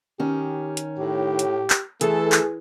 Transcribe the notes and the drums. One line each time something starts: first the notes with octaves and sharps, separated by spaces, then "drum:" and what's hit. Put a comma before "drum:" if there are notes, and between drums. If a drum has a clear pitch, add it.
D#3 C#4 G4
drum: hi-hat
A2 G4
drum: hi-hat
drum: clap
E3 A3 G#4 A4, drum: hi-hat
drum: clap